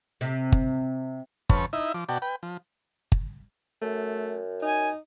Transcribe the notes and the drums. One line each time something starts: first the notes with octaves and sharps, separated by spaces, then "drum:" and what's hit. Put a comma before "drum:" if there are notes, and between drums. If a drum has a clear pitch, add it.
C3
drum: kick G1
F2 C#4 B4 A5 C#6, drum: kick G1
D#4 E4 D#5 E5
F3 D6
B2 F#4 D5 G5 A5
B4 G5
F3
drum: kick G1
F#2 A3
D#4 G#5